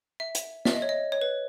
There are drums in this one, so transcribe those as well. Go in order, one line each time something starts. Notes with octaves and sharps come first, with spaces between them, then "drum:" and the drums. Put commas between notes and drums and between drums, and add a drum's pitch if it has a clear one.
E5
drum: hi-hat
E5, drum: snare
D#5
C#5
D#5
C#5
B4